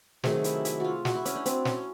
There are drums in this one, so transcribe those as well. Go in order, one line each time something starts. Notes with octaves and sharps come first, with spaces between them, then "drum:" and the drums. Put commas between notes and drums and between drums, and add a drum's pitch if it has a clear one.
C3 D#3 F#3 A3 G#4, drum: snare
E4, drum: hi-hat
E4, drum: hi-hat
F4 F#4
F#4, drum: snare
E4
C#4, drum: hi-hat
D4
C4, drum: hi-hat
C#4, drum: snare